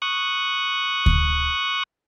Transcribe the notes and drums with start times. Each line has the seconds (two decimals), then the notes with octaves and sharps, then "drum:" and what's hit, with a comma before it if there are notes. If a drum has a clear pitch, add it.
0.02 C#6 D#6 F#6
1.06 drum: kick D2